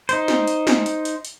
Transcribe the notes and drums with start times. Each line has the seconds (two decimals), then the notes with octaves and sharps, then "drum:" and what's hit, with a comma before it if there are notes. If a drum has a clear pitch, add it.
0.09 D#4 C5, drum: hi-hat
0.28 drum: snare
0.48 drum: hi-hat
0.67 drum: snare
0.86 drum: hi-hat
1.05 drum: hi-hat
1.25 drum: hi-hat